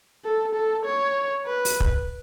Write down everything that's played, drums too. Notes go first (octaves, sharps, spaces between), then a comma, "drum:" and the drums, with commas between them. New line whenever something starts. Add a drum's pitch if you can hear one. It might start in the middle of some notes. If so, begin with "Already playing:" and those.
A4
A4
C#5
B4
drum: open hi-hat
drum: kick